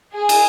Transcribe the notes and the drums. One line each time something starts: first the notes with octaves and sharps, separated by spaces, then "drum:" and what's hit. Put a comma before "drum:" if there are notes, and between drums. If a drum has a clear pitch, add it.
G#4
drum: cymbal